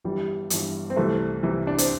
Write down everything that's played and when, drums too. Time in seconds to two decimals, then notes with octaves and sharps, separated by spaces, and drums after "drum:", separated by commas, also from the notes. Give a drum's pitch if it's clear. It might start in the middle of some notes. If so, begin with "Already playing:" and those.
0.04 G1 G2 E3 G3
0.50 G1 G2 E3, drum: hi-hat
0.90 C4
0.96 C2 C3 E3 A3
1.43 C2 C3 E3
1.67 D4
1.78 C4, drum: hi-hat